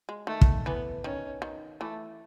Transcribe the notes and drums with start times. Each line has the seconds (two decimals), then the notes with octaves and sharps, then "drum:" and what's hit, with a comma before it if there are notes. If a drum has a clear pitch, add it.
0.09 G#3
0.27 D#3 A3
0.41 drum: kick
0.65 E3 B3
1.04 D#3 C#4
1.42 D#3
1.80 E3 A3